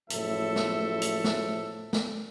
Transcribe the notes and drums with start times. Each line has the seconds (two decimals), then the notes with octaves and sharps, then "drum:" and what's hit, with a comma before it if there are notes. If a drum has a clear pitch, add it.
0.10 F#1 A2 F3 A4 E5, drum: hi-hat
0.56 drum: snare
1.02 drum: hi-hat
1.24 drum: snare
1.93 drum: snare